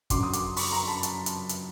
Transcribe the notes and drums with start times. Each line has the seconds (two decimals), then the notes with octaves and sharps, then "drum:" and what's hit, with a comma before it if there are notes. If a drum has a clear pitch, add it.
0.10 F#2 D3 F#3 C6 D6, drum: kick, hi-hat
0.23 D#6
0.33 C6 D6, drum: hi-hat
0.56 B5 C#6, drum: open hi-hat
0.72 A#5 C6
0.87 A5 B5
1.03 drum: hi-hat
1.26 drum: hi-hat
1.49 drum: hi-hat